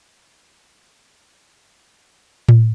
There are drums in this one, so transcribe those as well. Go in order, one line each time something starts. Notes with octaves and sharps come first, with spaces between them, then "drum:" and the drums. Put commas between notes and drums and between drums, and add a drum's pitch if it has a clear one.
F#2 E4 G#4 D5 A5
drum: tom A2